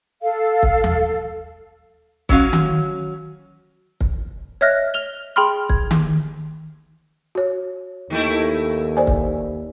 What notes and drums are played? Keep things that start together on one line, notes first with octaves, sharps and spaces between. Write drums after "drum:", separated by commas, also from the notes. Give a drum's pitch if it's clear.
A4 F5
drum: kick
drum: tom D#2
F#3 C#4 F#4 F5, drum: kick
drum: tom D#3
drum: kick
C#5 D#5 E5 F6 F#6 A#6
F6 F7 G7
G#4 G5 B5 C6 F6
G#6, drum: kick
drum: tom D#3
F#4 C#5
D#2 D#3 A3 E4
C5 D5 G#5
drum: kick